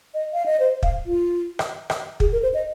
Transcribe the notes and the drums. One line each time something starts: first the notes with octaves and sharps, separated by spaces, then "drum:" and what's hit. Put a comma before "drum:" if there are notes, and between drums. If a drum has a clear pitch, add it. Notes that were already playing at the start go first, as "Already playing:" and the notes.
D#5
F5
D#5
C5
F5, drum: kick
F4
drum: rim click
drum: rim click
G#4, drum: kick
A#4
C5
D#5